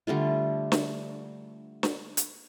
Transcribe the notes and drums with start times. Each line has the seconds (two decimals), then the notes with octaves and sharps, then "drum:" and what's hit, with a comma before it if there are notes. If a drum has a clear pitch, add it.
0.07 D3 G3 A3 F4
0.72 drum: snare
1.83 drum: snare
2.17 drum: hi-hat